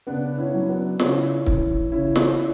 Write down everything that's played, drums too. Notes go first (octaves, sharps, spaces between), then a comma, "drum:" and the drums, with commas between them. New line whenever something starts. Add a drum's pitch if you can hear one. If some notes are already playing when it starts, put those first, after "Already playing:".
C#3 B3 D4
C#4 E4
F#3
B3 D4
C#3 C#4 E4, drum: snare
E3, drum: kick
C#3 C#4 E4
drum: snare